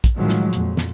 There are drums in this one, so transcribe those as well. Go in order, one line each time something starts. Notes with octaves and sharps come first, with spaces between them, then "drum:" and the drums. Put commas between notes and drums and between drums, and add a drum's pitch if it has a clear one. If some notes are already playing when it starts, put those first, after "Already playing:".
drum: kick, hi-hat
A2 D#3 F3 F#3 G#3
drum: snare
F2 A#2, drum: hi-hat
drum: snare